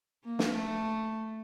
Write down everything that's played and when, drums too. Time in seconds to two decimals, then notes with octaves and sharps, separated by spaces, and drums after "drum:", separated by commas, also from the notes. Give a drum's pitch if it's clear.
0.24 A#3
0.39 drum: snare
0.53 A3